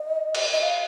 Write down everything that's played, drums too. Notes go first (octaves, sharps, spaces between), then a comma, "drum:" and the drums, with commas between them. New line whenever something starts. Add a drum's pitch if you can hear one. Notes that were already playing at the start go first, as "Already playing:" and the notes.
Already playing: D#5
drum: cymbal
D#5
F5